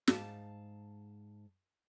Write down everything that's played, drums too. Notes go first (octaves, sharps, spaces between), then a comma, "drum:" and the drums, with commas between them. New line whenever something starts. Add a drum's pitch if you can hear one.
G#2 F5 A5, drum: snare